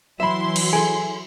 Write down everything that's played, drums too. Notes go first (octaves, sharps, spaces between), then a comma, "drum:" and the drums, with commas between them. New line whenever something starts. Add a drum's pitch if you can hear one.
E3 F#3 E4 E5 B5 C6
drum: cymbal
G#4 A4 G#5